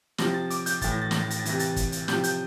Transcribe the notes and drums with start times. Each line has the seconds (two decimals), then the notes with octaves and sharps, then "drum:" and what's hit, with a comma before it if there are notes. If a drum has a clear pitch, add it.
0.18 C3 F3 A#6, drum: snare
0.34 A6
0.50 D6, drum: hi-hat
0.66 G6, drum: hi-hat
0.81 A2 E3 A6, drum: kick, hi-hat
0.92 A#6
1.02 A6
1.11 A#6, drum: snare
1.20 A6
1.30 A#6, drum: hi-hat
1.39 A6
1.45 C3 E3 A#6, drum: hi-hat
1.59 A6, drum: hi-hat
1.76 drum: kick, hi-hat
1.92 drum: hi-hat
2.08 C3 F3 G6, drum: snare
2.24 G6, drum: hi-hat